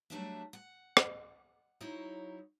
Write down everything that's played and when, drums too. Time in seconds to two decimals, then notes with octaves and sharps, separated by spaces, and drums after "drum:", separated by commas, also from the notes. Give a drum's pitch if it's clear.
0.10 F#3 G3 A3 D4 F#4 E5
0.53 F#5
0.97 drum: rim click
1.81 F#3 D#4 E4 C5 C#5